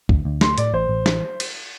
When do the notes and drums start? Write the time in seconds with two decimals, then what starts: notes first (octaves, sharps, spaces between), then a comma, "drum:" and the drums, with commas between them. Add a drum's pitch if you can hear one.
0.09 D2, drum: kick G#1
0.25 D2
0.41 A3 C6, drum: snare
0.58 A2 D5, drum: hi-hat
0.73 A1 C5
0.89 A1
1.06 E3, drum: snare
1.40 drum: cymbal